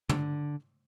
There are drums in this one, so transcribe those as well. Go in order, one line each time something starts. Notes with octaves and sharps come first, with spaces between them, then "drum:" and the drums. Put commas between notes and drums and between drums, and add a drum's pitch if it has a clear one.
D3, drum: tom